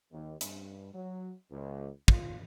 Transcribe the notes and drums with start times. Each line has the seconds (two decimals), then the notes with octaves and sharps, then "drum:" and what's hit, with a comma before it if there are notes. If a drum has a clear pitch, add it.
0.11 D#2
0.41 G2, drum: hi-hat
0.94 F#3
1.50 C#2
2.08 F4, drum: kick